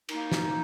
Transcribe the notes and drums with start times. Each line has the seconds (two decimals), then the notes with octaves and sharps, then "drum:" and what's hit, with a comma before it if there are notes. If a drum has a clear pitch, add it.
0.09 D#3 A#3 D#4, drum: cymbal
0.32 drum: snare